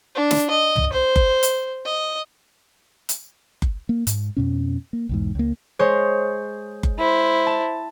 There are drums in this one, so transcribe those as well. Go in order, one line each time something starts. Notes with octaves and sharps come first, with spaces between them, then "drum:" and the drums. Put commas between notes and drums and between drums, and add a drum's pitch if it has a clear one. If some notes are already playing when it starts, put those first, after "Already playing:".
D4
drum: snare
D#5
drum: tom
C5
drum: kick F#1
drum: hi-hat
D#5
drum: hi-hat
drum: kick F#1
A#3
G#2, drum: hi-hat
F2 B2 C#4
A#3
B1 E2 G#2
C#2 A#3
G#3 C5 C#5
drum: kick F#1
E4 C5
A5